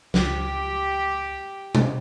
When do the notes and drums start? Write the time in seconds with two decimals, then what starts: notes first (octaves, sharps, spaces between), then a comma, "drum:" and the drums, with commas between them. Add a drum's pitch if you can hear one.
0.14 C#2 G4, drum: snare
1.75 drum: tom B2